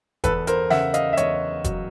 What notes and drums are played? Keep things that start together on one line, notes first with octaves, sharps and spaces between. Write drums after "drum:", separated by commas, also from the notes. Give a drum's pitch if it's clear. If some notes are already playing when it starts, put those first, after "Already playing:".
E2 A4 B4, drum: kick F1, hi-hat
A#4 C5, drum: hi-hat
C#3 E5 F#5, drum: snare
D#5 F5, drum: hi-hat
E5
E2 C#5 D#5, drum: hi-hat
F#3, drum: kick F1, hi-hat